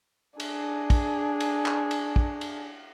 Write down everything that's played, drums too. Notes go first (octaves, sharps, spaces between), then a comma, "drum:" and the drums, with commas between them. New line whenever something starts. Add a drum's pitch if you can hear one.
D4 G#4, drum: cymbal
drum: kick, cymbal
drum: cymbal
drum: clap
drum: cymbal
drum: kick
drum: cymbal